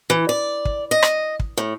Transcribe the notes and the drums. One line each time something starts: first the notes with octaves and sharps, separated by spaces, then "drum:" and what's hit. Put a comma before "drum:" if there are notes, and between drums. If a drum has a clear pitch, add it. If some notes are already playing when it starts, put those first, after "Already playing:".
E3
D5
drum: kick
D#5
drum: rim click
drum: kick
A2